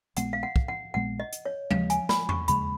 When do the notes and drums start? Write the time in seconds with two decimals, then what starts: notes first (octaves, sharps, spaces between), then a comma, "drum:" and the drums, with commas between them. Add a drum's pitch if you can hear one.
0.17 A#1 A#2 G#3 B3 F#5, drum: hi-hat
0.33 F5
0.43 F#5
0.56 drum: kick
0.68 F#5
0.94 A#1 A#2 G#3 B3 F#5
1.20 D#5
1.33 drum: hi-hat
1.45 C#5
1.71 D#2 C#3 G#3 F5, drum: tom F3
1.90 G#5, drum: hi-hat
2.09 B5, drum: snare
2.29 C#6, drum: tom E2
2.48 D#2 C#3 G#3 B5, drum: hi-hat